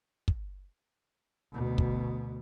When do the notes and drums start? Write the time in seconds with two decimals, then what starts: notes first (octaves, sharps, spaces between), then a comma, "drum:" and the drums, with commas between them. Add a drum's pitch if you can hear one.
0.28 drum: kick
1.53 D2 B2
1.78 drum: kick